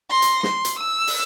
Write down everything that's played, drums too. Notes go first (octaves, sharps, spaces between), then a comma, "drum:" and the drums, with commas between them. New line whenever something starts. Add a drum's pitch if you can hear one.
C6 A#6
drum: hi-hat
C6, drum: snare
drum: hi-hat
E6
drum: open hi-hat